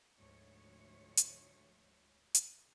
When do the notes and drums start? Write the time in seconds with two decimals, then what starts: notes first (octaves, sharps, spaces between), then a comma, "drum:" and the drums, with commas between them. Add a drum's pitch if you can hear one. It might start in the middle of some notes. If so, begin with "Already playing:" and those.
0.18 D2 G#2 F3 C#5
1.17 drum: hi-hat
2.35 drum: hi-hat